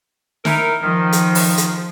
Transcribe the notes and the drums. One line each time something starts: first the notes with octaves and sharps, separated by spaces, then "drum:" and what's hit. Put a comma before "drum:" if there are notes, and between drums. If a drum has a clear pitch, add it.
D#4 E4 A#4, drum: snare
D#3 F3
drum: hi-hat
drum: open hi-hat
drum: hi-hat